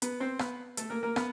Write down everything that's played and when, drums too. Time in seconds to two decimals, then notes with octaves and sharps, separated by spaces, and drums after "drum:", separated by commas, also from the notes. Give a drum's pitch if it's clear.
0.02 B3 B4, drum: hi-hat
0.20 C4 C5
0.39 B3 B4, drum: rim click
0.77 A3 A4, drum: hi-hat
0.90 A#3 A#4
1.03 A#3 A#4
1.16 B3 B4, drum: rim click